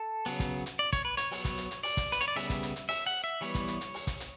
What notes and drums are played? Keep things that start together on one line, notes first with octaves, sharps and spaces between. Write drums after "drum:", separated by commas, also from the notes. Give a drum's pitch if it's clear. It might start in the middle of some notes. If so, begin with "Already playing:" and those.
Already playing: A4
C#3 F#3 B3, drum: open hi-hat
drum: kick, hi-hat
drum: hi-hat
D5
C#5, drum: kick, hi-hat
B4
C#5, drum: hi-hat
F#3 B3, drum: open hi-hat
drum: kick, hi-hat
drum: hi-hat
drum: hi-hat
D5, drum: open hi-hat
drum: kick, hi-hat
B4, drum: hi-hat
C#5, drum: hi-hat
D5
C#3 G3 B3 E5, drum: open hi-hat
drum: kick, hi-hat
drum: hi-hat
drum: hi-hat
E5, drum: open hi-hat
F#5
E5
E3 G3 B3 C#5, drum: open hi-hat
drum: kick, hi-hat
drum: hi-hat
drum: hi-hat
drum: open hi-hat
drum: kick, hi-hat
drum: hi-hat